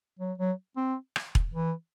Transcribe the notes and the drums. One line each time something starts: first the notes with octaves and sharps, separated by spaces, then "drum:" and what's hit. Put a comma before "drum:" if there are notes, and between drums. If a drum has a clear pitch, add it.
F#3
F#3
C4
drum: rim click
drum: kick E1
E3